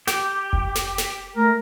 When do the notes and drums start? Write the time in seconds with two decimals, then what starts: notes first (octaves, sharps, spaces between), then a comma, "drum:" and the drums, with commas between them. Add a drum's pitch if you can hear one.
0.07 G4, drum: snare
0.53 drum: kick F1
0.75 drum: snare
0.98 drum: snare
1.36 A3 A#4